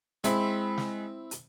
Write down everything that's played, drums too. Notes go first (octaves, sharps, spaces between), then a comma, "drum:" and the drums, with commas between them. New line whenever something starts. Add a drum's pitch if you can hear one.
G#3 C4 E4 B5, drum: hi-hat
drum: snare
drum: hi-hat